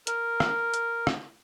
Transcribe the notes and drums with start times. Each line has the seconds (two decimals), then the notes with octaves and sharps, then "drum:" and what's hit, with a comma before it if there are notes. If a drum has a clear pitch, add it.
0.07 A#4, drum: hi-hat
0.40 drum: rim click
0.74 drum: hi-hat
1.07 drum: rim click